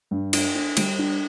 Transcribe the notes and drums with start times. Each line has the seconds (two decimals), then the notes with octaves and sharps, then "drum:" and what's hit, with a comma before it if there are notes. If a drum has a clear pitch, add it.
0.11 G2
0.33 D4, drum: cymbal
0.55 D4
0.77 G3, drum: cymbal
0.99 D4